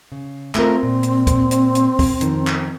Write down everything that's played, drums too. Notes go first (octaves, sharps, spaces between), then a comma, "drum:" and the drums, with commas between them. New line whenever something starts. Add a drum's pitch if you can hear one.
C#3
A3 C4 F4 A#4, drum: clap
A#2
drum: hi-hat
drum: kick, hi-hat
drum: hi-hat
drum: hi-hat
drum: kick, open hi-hat
F2 D#3, drum: hi-hat
drum: clap